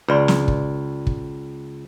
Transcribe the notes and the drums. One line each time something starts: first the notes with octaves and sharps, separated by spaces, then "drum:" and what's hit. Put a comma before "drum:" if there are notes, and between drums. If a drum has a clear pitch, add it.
C#2 B4 D5 C6
drum: snare
drum: kick
drum: kick